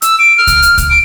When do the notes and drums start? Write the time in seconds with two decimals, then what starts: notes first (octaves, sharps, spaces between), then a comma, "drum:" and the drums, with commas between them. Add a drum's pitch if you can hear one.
0.02 E6, drum: hi-hat
0.19 D7
0.38 F6
0.47 drum: kick C#2, hi-hat
0.62 drum: hi-hat
0.78 drum: kick C#2, hi-hat
0.90 D7